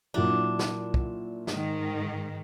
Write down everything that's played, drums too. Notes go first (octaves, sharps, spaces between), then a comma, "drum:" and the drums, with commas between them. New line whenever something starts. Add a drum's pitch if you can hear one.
A#2 F#3 D4 E4
drum: snare
drum: kick
G#2 D#3, drum: snare